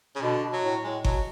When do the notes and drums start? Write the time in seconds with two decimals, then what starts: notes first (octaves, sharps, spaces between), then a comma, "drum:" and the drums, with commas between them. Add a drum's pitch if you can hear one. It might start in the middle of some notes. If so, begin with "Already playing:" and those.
0.15 C#3
0.21 B2 D3
0.43 B2
0.53 F#3
0.63 A2
0.84 A2 G#3
1.05 B2 F#3, drum: kick G1